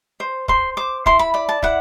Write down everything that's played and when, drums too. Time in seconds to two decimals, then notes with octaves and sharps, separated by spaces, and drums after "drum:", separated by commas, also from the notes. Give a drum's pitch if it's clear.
0.20 C5
0.48 C5 C6, drum: kick
0.77 C5 D6
1.06 E4 C6, drum: kick
1.19 B5
1.34 D5 B5
1.49 A5
1.63 E4 F#5, drum: kick